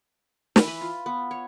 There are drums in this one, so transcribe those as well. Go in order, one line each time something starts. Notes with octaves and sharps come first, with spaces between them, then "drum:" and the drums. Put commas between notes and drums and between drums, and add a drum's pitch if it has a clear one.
E3, drum: snare
B4
F4
B3
C#5